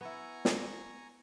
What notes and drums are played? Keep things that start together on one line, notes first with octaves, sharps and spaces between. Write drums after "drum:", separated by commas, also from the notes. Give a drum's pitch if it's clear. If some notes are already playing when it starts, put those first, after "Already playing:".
B3 E4 G#5 A#5 C#6
drum: snare